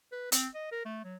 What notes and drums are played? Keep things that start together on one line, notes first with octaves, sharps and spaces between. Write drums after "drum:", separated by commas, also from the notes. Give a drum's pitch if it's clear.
B4
C4, drum: hi-hat
D#5
A#4
A3
F#3